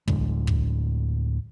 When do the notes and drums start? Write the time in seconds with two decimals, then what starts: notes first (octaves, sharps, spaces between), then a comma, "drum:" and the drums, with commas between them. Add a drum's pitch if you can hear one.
0.08 D2 A2 D3 G#3, drum: kick
0.47 drum: kick